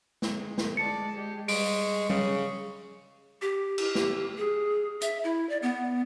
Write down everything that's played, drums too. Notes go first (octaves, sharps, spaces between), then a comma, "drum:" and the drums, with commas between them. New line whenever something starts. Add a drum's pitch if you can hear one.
G#3, drum: snare
drum: snare
D5 A5 C#7
G4
G3 G#3 C#6 D7, drum: open hi-hat
C#3, drum: tom G3
G4
drum: cymbal
drum: snare
G#4
E5, drum: hi-hat
E4
D5
B3